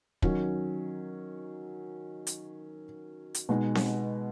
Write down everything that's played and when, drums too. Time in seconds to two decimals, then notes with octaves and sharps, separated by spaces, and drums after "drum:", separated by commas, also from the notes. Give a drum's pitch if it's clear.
0.22 D#3 F#3 C#4, drum: kick
2.27 drum: hi-hat
3.34 drum: hi-hat
3.49 B2 G#3 D#4
3.75 drum: snare C4